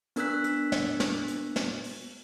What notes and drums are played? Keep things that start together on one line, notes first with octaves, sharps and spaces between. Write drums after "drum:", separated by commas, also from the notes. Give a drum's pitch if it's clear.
B3 D4 A#4 E6 F#6 B6, drum: hi-hat
drum: hi-hat
drum: snare
drum: snare
drum: hi-hat
drum: snare
drum: open hi-hat